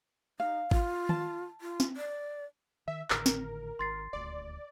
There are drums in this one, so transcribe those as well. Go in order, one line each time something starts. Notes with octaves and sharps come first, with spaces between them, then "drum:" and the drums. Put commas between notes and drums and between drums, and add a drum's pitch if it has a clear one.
D#4 F5
F4, drum: kick G#1
A5, drum: tom D#3
F4
drum: snare
D5
D#3 E5
G#1 A2 D3 A#4, drum: clap
drum: snare
G#1 C6 A6 C7
D#1 D2 D5